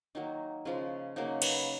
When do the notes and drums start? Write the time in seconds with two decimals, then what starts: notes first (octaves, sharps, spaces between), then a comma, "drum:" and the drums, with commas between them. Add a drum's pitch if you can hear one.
0.15 D#3 F#3 A#3 D#4
0.65 C#3 F3 G#3 C#4
1.16 C#3 F#3 A#3 D#4
1.42 B4, drum: cymbal